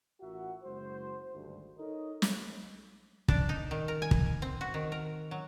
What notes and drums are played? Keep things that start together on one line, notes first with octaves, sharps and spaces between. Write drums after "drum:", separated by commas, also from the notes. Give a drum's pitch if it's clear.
A1 F4 F#4 A#4 E5 F#5
F#1 G#3 F#4 C5
G#1 D2 G2
D#4 A4 A#4 C#5 D#5
drum: snare
D4, drum: kick
D#4
D#3
A#4
G#5
drum: kick
C4
F#4
D#3
A#4
F#3